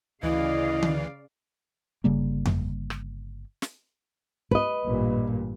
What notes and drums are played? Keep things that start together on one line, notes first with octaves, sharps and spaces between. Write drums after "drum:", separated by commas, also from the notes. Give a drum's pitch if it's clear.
D2 C#3 E3 E4 D5 D#5 F5
drum: tom D3
G1 C#3 G3 A#3
drum: tom F2
drum: rim click
drum: snare
B4 D#5, drum: kick
A1 G2 A#2